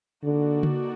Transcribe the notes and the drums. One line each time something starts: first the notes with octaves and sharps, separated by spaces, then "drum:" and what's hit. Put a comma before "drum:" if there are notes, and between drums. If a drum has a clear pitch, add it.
D3 A#3 D#4 F#4 A4 D5
drum: tom C#3